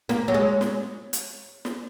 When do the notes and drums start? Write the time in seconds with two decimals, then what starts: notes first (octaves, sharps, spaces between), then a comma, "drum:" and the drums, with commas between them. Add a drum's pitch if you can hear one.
0.09 A#3, drum: snare
0.28 F#3
0.34 G#3
0.61 drum: snare
1.13 drum: hi-hat
1.65 drum: snare